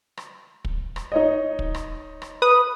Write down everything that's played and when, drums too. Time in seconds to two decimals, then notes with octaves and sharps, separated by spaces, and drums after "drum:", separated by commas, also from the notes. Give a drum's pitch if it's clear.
0.17 drum: rim click
0.65 drum: kick
0.96 drum: rim click
1.12 D#4 C#5 D#5
1.59 drum: kick
1.74 drum: rim click
2.22 drum: rim click
2.42 B4 D#6